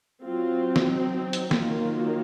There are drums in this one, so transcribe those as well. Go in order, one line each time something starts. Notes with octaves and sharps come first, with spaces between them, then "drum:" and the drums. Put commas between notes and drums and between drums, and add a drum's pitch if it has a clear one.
F#3 C4 F4
drum: snare
D#4
drum: hi-hat
D#3 F#3 A#3 F4, drum: snare